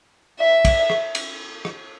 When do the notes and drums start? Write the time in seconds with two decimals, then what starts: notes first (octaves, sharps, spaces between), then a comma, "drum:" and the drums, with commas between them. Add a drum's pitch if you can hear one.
0.39 E5
0.65 drum: kick, cymbal
0.90 drum: rim click
1.15 drum: cymbal
1.65 drum: rim click